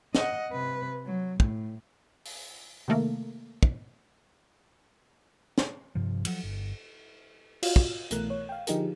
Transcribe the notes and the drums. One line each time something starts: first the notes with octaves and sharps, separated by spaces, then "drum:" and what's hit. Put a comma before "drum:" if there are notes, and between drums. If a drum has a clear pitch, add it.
D#5 F#5, drum: snare
C3 B4
F#3
A2, drum: kick
drum: open hi-hat
C3 D#3 A3 A#3
drum: kick
drum: snare
G2 C3 F3
F3 F#3, drum: cymbal
G1
F4 F#4 F5, drum: cymbal
drum: kick
C2 B2 E3 A3 A#4 F#6, drum: hi-hat
C#5
F5 G5
D3 F3 D#4 G4 G#4 A#4, drum: hi-hat